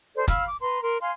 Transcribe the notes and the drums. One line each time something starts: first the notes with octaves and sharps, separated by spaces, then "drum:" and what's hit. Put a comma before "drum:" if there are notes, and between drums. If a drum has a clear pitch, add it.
A4 C5 D5
F5 B5 E6 F6, drum: kick, hi-hat
D6
B4 A#5 C6
A#4 C6
F5 G#5 C6